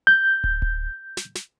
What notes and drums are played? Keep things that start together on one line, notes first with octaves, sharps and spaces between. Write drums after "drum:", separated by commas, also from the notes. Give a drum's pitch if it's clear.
G6
drum: kick
drum: kick
drum: snare
drum: snare